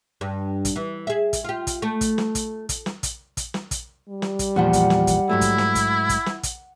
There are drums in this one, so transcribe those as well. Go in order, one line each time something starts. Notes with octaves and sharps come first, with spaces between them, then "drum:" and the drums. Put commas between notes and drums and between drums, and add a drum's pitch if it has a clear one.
G2
drum: kick, hi-hat
E3
G#4 E5
drum: kick, hi-hat
F4 G4
drum: kick, hi-hat
A3
drum: kick, hi-hat
drum: snare
drum: kick, hi-hat
drum: kick, hi-hat
drum: snare
drum: kick, hi-hat
drum: kick, hi-hat
drum: snare
drum: kick, hi-hat
G3
drum: snare
drum: kick, hi-hat
E2 A#2 F3 F#5
drum: kick, hi-hat
drum: snare
drum: kick, hi-hat
G#2 F#3 A3 E4
drum: kick, hi-hat
drum: snare
drum: kick, hi-hat
drum: kick, hi-hat
drum: snare
drum: kick, hi-hat